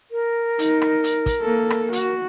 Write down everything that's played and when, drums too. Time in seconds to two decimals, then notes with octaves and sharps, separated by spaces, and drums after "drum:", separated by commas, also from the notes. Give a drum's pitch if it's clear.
0.11 A#4
0.59 D#4, drum: hi-hat
0.82 drum: rim click
1.04 drum: hi-hat
1.26 drum: kick, hi-hat
1.41 A#3 A4
1.70 drum: rim click
1.93 F#4, drum: hi-hat